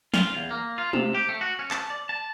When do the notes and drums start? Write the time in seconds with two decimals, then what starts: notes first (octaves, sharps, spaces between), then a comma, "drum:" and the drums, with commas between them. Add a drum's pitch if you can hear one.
0.14 F4, drum: snare
0.35 E2
0.51 A#3
0.78 F4
0.93 C3, drum: tom G#3
1.15 G4
1.29 A3
1.41 F#4
1.59 C#4
1.71 A5, drum: clap
1.90 D5
2.09 A5